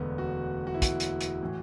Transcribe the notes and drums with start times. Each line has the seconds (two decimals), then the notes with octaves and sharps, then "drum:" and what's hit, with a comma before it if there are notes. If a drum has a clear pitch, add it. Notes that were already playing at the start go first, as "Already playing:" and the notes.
Already playing: E1 D2 D3 B3
0.18 F#4
0.67 F#4
0.74 E4
0.82 F#4, drum: kick, hi-hat
1.00 drum: hi-hat
1.21 drum: hi-hat
1.42 A2 E3